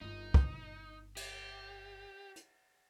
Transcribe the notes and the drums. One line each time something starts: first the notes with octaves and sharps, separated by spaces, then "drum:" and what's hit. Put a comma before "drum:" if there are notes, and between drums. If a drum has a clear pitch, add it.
G1 D#4 F4
drum: kick
G4, drum: cymbal
drum: hi-hat